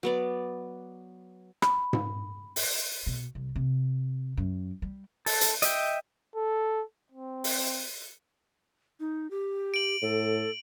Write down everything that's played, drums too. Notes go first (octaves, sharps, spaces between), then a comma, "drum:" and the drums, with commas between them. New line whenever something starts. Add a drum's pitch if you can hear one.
F#3 B3 D5
B5, drum: rim click
drum: tom G#2
drum: open hi-hat
B2
C2
C3
F#2
G3
A4, drum: open hi-hat
drum: hi-hat
D#5 E5 G5, drum: hi-hat
A4
C4
drum: open hi-hat
D#4
G4
D7 F#7
A2 A4